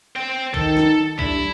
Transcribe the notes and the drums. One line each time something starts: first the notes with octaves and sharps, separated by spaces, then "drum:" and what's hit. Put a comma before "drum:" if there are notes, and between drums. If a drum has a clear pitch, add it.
C5 G5
D#3 A4, drum: kick
drum: snare
G3 A3 D4 E4, drum: kick